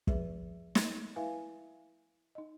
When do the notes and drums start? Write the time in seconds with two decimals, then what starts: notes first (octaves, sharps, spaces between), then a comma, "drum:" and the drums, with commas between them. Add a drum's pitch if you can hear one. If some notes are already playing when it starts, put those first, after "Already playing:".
0.07 F3 G#4 B4 E5, drum: kick
0.75 drum: snare
1.16 E4 B4 E5 F5 G#5
2.35 D#4 D#5